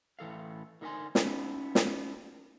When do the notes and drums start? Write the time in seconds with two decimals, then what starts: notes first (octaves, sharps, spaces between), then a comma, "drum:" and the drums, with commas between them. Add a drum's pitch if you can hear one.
0.19 A2 E3 A4 F5
0.81 D3 D#4 A#4 D5 G#5 C6
1.15 B3 C#4 D#4 E4, drum: snare
1.75 drum: snare